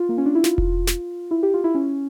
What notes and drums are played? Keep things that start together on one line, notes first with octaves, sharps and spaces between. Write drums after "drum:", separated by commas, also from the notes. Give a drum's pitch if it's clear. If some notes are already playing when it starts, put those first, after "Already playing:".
Already playing: F4
A#3
C#4
D4
E4
F4, drum: snare
drum: kick E1
drum: snare
E4
G4
F4
E4
C#4